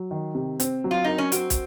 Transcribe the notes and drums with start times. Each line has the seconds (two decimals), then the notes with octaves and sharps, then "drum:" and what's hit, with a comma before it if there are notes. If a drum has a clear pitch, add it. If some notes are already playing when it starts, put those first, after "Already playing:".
Already playing: F#3
0.11 D#3
0.35 C3
0.60 C4, drum: hi-hat
0.84 F#3
0.91 F4
1.04 D#4 A#4
1.18 C#4
1.32 C4 F#4, drum: hi-hat
1.50 drum: kick, hi-hat